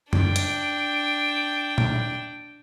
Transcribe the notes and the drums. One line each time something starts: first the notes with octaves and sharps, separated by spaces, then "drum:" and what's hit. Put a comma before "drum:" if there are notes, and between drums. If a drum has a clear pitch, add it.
D4 G5, drum: tom F#2
drum: hi-hat
drum: tom A#2